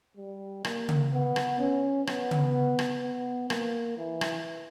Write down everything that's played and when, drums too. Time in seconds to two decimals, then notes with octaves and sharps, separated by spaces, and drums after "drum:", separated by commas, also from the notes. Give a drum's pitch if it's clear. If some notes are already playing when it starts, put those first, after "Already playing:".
0.17 G3
0.64 A#3, drum: rim click
0.88 drum: tom C#3
1.13 B3
1.36 drum: rim click
1.59 C#4
2.07 B3, drum: rim click
2.31 drum: tom C#3
2.79 drum: rim click
3.02 B3
3.50 A#3, drum: rim click
3.98 E3
4.21 drum: rim click